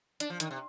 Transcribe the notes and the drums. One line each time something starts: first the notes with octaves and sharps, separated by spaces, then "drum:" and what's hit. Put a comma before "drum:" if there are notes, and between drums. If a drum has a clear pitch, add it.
D4, drum: hi-hat
F3
D#3, drum: hi-hat
C3